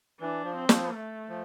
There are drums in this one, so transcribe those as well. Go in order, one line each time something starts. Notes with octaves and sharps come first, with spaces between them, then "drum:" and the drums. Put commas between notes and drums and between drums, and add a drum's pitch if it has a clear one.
E3 D4
F3
C4
F3, drum: snare
A3
F3